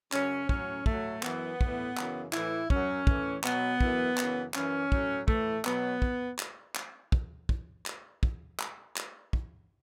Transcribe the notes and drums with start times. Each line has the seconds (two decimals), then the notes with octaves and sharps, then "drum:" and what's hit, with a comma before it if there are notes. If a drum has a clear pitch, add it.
0.12 F#2 C#3 F#3 C#4, drum: clap
0.49 A2 F#3 C#4, drum: kick
0.86 A2 F#3 A3, drum: kick
1.23 F#2 E3 B3, drum: clap
1.61 A2 E3, drum: kick
1.97 F#2 C#3 E3, drum: clap
2.33 A2 E3 E4, drum: clap
2.70 F#2 F#3 C#4, drum: kick
3.07 A2 E3, drum: kick
3.44 B2 F#3 B3, drum: clap
3.81 F#2 E3, drum: kick
4.18 F#2 C#3 E3, drum: clap
4.54 F#2 E3 C#4, drum: clap
4.92 A2 F#3, drum: kick
5.28 A2 E3 A3, drum: kick
5.65 B2 F#3 B3, drum: clap
6.02 drum: kick
6.39 drum: clap
6.75 drum: clap
7.12 drum: kick
7.49 drum: kick
7.86 drum: clap
8.23 drum: kick
8.60 drum: clap
8.96 drum: clap
9.33 drum: kick